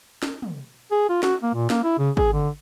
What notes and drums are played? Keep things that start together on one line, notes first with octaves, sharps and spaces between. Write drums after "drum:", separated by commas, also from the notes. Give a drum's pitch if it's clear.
drum: snare
drum: tom
G#4
F4
F#4, drum: snare
A#3
A#2
A#3, drum: snare
E4
C#3
G#4, drum: kick G#1
D3